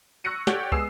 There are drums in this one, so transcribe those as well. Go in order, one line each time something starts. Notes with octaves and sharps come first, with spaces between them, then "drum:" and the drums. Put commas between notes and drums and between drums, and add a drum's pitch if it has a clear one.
C#6 E6 F#6 A#6 C#7 D#7
G4 A4 C#5 D5 F#5 G5, drum: snare
G#3 B3 D#6 E6 C7 E7, drum: kick